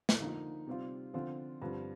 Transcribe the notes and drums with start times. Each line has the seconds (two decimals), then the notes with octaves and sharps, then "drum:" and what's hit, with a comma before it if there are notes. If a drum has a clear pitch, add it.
0.09 drum: snare
0.20 D3 F3 A#3 D#4
0.67 C3 G3 C4 F4
1.14 D3 F3 C4 F4
1.62 G2 D3 F3 C4